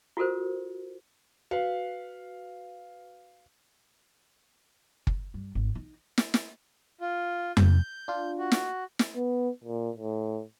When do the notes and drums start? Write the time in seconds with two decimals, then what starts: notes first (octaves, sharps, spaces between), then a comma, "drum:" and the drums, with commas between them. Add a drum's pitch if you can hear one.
0.17 F4 F#4 A4 A#4 C5
1.51 F#4 B4 F5
5.07 drum: kick
5.34 G2
5.55 G#1
5.75 D#4
6.18 drum: snare
6.34 drum: snare
7.01 F4
7.57 G6, drum: tom F2
8.08 D4 F4
8.38 F#4
8.52 drum: snare
8.99 drum: snare
9.16 B3
9.64 A#2
9.97 A2